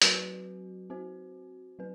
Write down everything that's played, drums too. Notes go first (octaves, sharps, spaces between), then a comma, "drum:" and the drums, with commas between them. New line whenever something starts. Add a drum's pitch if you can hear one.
F#3 C4 F#4 B4, drum: hi-hat
C4 F#4 C5
F#3 C4 B4